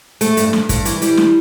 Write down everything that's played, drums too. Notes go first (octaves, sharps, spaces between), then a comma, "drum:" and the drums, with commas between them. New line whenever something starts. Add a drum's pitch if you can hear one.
A3, drum: hi-hat
G2, drum: hi-hat
G2, drum: snare
G2, drum: kick, hi-hat
E3, drum: hi-hat
G3, drum: hi-hat
drum: snare